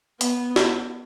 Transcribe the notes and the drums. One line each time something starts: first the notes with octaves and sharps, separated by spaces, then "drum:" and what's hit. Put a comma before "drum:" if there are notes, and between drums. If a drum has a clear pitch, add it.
B3, drum: hi-hat
drum: snare